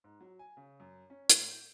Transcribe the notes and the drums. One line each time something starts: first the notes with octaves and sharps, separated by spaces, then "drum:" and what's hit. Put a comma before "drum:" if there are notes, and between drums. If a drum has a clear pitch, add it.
G#2
F#3
G#5
C#3
F#2
C#4
A2, drum: hi-hat
G6